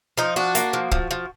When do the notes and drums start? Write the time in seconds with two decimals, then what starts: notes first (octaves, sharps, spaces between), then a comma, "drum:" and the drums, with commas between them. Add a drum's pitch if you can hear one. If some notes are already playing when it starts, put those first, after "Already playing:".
0.18 F3 D#4
0.36 D4 F#4
0.55 A#3, drum: hi-hat
0.73 F3
0.92 F3, drum: kick
1.11 F3